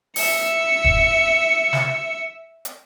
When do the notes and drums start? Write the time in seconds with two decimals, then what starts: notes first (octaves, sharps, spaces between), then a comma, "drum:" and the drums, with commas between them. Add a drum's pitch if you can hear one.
0.16 E5 C#7, drum: open hi-hat
0.84 drum: kick D#1
1.73 drum: snare
2.65 drum: hi-hat